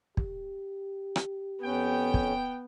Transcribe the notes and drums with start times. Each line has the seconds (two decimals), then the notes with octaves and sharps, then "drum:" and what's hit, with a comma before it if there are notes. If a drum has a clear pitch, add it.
0.17 G4, drum: kick
1.16 drum: rim click
1.63 F2 B3 C#4 G5
2.14 drum: kick